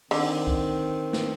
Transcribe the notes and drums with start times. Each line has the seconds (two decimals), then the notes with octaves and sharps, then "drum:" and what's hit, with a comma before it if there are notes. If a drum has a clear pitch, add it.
0.11 D3 D#3 C4, drum: open hi-hat
0.47 drum: kick C#2
1.13 drum: snare